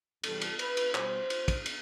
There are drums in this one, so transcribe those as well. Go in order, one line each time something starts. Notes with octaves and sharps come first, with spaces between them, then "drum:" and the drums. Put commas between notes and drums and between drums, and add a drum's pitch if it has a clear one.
E2 C3 E3 G3 A4, drum: cymbal
drum: cymbal
B4, drum: cymbal
drum: cymbal
B2 G3 C5, drum: clap
drum: cymbal
drum: kick, cymbal
drum: cymbal